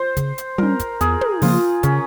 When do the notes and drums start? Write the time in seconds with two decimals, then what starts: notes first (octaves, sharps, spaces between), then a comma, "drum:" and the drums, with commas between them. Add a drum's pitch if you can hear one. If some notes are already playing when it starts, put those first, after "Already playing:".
Already playing: C5
0.17 C#3, drum: kick, hi-hat
0.38 drum: hi-hat
0.58 G3 C#4 A#4, drum: tom
0.80 drum: kick, hi-hat
1.01 E2 G#4, drum: hi-hat
1.21 drum: tom
1.42 C#3 F3 A#3 F4, drum: open hi-hat
1.83 C#3 C#4, drum: kick, hi-hat